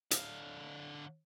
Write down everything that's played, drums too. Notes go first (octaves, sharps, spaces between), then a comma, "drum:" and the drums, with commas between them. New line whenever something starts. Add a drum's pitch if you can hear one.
D3 F5, drum: hi-hat